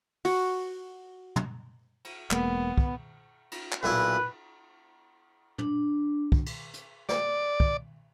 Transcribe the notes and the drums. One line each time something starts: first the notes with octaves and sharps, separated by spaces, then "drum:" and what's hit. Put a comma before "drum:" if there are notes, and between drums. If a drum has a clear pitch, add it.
F#4, drum: open hi-hat
drum: tom
drum: cymbal
E1 G#3 A#3 B3, drum: clap
drum: kick
drum: cymbal
drum: clap
B1 A#2 E4 B4
D4, drum: tom
drum: kick
drum: cymbal
drum: hi-hat
D5, drum: snare
drum: kick